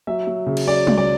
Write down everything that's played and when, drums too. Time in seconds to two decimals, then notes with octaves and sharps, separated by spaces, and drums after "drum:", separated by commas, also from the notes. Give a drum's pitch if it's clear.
0.07 F#3 E5
0.27 F#3
0.46 C#3
0.57 drum: cymbal
0.66 F#3 D5
0.87 C#2, drum: tom G3
0.98 D5